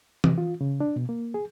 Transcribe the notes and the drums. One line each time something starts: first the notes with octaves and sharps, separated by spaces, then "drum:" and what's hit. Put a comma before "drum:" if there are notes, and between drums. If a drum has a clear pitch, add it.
C3, drum: tom E3
F4
C#3
D4
B2
A#3
G#4